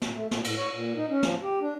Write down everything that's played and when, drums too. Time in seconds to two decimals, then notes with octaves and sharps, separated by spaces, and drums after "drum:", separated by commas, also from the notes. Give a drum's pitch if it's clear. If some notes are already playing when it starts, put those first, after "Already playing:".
0.02 A#2, drum: snare
0.15 A3
0.31 A#2, drum: snare
0.44 A2, drum: cymbal
0.57 C#5
0.72 A#2
0.96 D#4
1.10 C#4
1.23 F3, drum: snare
1.43 G4
1.61 D4